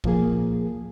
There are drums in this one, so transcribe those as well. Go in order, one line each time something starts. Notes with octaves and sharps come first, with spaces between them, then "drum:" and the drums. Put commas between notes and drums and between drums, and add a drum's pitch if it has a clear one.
A#2 F3 A#3 G#4, drum: kick